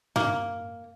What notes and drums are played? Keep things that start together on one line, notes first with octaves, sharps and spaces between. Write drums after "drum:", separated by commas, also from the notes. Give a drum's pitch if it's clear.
A#3, drum: tom